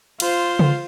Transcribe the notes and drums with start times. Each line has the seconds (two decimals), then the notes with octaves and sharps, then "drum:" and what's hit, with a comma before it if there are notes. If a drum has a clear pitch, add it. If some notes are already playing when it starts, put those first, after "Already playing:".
0.20 F4 C5, drum: cymbal
0.59 drum: tom C#3